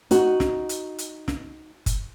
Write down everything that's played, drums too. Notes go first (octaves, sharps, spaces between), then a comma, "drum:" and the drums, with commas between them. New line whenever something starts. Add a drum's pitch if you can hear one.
D#4 F#4, drum: hi-hat
drum: snare
drum: hi-hat
drum: hi-hat
drum: snare
drum: kick F#1, hi-hat